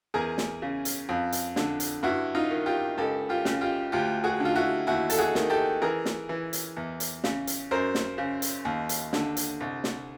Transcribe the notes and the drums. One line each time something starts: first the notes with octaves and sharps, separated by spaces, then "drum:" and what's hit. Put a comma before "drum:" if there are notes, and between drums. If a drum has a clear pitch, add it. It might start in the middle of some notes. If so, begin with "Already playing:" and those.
E2 G#4 A#4
drum: snare
C#3
drum: hi-hat
F2
drum: hi-hat
D3, drum: snare
drum: hi-hat
G2 E4 F#4
D#4 F4
D#3
F4 G4
C#2 G4 A4
F4 G4
C#3, drum: snare
F4 G4
D2 F4 G4
F#4 G#4
D3 F4
E4 F#4
D#2 E4 F#4
A4, drum: hi-hat
F#4 G#4
D#3, drum: snare
G4 A4
E3 G#4 A#4
drum: snare
E3
drum: hi-hat
E2
drum: hi-hat
C#3, drum: snare
drum: hi-hat
F#2 A#4 C5
drum: snare
C#3
drum: hi-hat
D#2
drum: hi-hat
D3, drum: snare
drum: hi-hat
C2
drum: snare